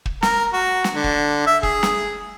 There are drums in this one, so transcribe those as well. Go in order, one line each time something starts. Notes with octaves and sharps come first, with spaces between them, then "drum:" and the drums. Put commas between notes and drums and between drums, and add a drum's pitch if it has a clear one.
drum: kick
A#4, drum: snare
F#4
drum: snare
D3
drum: kick
E5
G#4, drum: kick
drum: snare